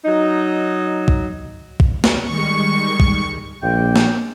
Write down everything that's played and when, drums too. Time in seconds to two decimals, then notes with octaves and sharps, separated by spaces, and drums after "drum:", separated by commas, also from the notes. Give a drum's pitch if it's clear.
0.04 F#3 D#4
1.08 drum: kick
1.80 drum: kick
2.04 drum: snare
2.28 D#3 G3 G#3 C#6
3.00 drum: kick
3.63 A#1 G#3 A#3 G5
3.96 drum: snare